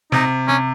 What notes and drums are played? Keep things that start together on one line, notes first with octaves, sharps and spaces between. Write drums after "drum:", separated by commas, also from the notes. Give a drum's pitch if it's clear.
C3 D#4, drum: snare
C3 C#4